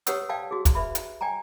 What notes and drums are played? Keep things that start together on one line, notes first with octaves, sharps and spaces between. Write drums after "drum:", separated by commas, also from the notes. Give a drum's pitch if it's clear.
G4 B4 C#5 F#5 D#6 E6, drum: hi-hat
D5 F5 G5 A5
F#4 G#4
drum: kick, hi-hat
B4 D5 E5 B5
drum: hi-hat
D5 G5 G#5 A#5